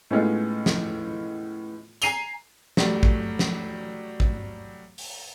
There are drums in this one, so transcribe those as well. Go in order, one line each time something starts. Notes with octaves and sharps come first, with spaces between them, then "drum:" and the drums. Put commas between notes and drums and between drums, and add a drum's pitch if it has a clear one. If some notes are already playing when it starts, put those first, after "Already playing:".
A2 G#3 B3 C#4 D#4 F4
drum: snare
G#5 A#5 C7 D#7 F7 G7, drum: tambourine
F#3 G3 A3, drum: snare
drum: kick
drum: snare
drum: kick
drum: open hi-hat